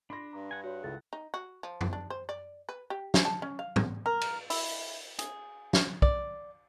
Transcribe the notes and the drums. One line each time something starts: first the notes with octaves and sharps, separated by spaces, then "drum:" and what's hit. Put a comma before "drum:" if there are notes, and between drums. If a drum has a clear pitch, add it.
D4 B5 C6 A#6
G2 A#5 D6
F#5 G#5
F#4 C#5 F#5
C#2 E4 G#4 A4 A6
D#4
F#4
F3
drum: tom F#2
D4
C5
D5
B4
G4
drum: snare
A5
C#4
F5
drum: tom G#2
A#4
drum: cymbal
E4, drum: open hi-hat
G#4, drum: hi-hat
drum: snare
D5, drum: kick